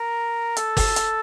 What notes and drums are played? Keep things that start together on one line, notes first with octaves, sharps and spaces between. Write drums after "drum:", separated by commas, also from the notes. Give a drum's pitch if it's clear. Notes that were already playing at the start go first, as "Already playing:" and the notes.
Already playing: A#4
A4, drum: hi-hat
drum: kick, open hi-hat
drum: hi-hat